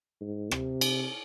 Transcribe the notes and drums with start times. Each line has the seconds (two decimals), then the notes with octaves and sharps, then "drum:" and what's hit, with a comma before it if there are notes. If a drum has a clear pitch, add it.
0.21 G#2
0.51 C3, drum: rim click
0.81 drum: cymbal